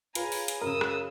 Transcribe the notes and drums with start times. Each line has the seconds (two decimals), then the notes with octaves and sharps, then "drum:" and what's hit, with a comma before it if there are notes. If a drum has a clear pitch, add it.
0.15 F4 G#4 B4 C#5 G#5 A#5 B5, drum: hi-hat
0.32 drum: open hi-hat
0.48 drum: hi-hat
0.62 F#2 C#3 A#4 D#6 E6
0.81 drum: rim click